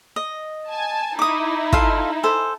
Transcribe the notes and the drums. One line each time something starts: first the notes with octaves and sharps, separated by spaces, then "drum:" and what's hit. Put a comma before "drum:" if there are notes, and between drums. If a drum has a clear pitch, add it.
D#5
G#5 A5
D#4 E4 D6 D#6
F4 A4 F5, drum: kick
A4 C5 G#5